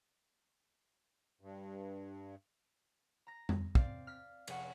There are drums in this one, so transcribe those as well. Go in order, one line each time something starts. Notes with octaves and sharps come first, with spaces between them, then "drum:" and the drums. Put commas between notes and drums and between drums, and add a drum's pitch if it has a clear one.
G2
A#5 A#6
drum: tom F2
C4 D5 F5, drum: kick
F6 B6
F1 G#4 C#5 F#5 C#6, drum: cymbal